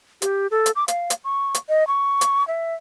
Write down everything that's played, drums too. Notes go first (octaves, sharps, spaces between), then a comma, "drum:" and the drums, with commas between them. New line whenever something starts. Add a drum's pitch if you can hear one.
G4, drum: hi-hat
A4
drum: hi-hat
D6
F5, drum: hi-hat
drum: hi-hat
C#6
drum: hi-hat
D#5
C#6
drum: hi-hat
E5